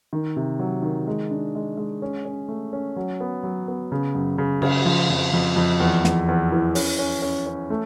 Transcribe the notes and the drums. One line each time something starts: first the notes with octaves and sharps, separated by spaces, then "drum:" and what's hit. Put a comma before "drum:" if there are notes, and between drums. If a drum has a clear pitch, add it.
D#3
C3
F#3
D#3
G#3
D4
G#3
G#3
C#4
C#4
A3
C#4
F#3
B3
F#3
B3
C#3
F#2
C#3
C#3, drum: cymbal
F3
F2
F2
F2
E2
E2, drum: snare
E2
E3
C#4, drum: open hi-hat
C#4
C#4
C#4
A3